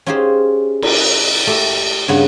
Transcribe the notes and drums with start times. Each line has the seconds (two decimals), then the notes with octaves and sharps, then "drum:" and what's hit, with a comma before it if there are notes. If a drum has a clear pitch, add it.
0.06 C#4 D#4 F4 G4 G#4 C5
0.82 drum: cymbal
1.47 A3 G4 E5
2.08 G2 C#3 B3 F#5